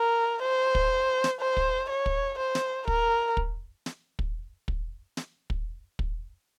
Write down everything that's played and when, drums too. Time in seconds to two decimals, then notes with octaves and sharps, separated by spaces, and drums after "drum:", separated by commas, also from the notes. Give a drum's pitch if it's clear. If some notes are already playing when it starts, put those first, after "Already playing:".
Already playing: A#4
0.42 C5
0.75 drum: kick
1.24 drum: snare
1.40 C5
1.57 drum: kick
1.89 C#5
2.06 drum: kick
2.39 C5
2.55 drum: snare
2.88 A#4, drum: kick
3.37 drum: kick
3.86 drum: snare
4.19 drum: kick
4.68 drum: kick
5.17 drum: snare
5.50 drum: kick
5.99 drum: kick